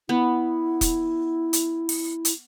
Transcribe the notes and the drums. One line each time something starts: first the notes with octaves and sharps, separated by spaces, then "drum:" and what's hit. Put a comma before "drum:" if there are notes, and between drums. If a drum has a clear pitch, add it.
B3 E4
drum: kick E1, hi-hat
drum: hi-hat
drum: open hi-hat
drum: hi-hat